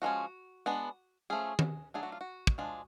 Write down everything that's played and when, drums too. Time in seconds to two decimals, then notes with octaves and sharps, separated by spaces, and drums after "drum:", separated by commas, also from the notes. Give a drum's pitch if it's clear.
0.02 F3 G#3 C#4 F#4
0.66 G#3 B3 D4
1.30 F3 A3 C#4 G#4
1.59 drum: tom D#3
1.94 F#3 A3 D4 G#4
2.03 F#4
2.12 F4
2.21 F#4
2.47 drum: kick
2.58 F3 G#3 D4